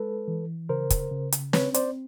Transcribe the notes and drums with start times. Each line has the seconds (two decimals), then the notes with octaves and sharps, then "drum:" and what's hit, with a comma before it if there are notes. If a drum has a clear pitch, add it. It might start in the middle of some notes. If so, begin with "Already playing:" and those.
Already playing: G#3 A4 B4
0.28 E3
0.69 C#3 A#4 C5
0.90 drum: kick, hi-hat
1.12 C#3
1.32 drum: hi-hat
1.53 C4 B4 C#5, drum: snare
1.74 C5 D5, drum: hi-hat